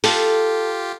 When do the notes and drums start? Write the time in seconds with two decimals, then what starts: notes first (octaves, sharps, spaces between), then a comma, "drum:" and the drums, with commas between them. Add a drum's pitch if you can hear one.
0.04 F4 G4 A4, drum: open hi-hat